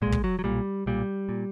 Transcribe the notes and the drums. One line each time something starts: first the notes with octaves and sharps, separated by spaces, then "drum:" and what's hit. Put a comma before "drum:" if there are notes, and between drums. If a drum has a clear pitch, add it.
B1 A#2 G#3
drum: kick
F#3
F#3
B1 A#2 G3
B1 A#2 G3
A#2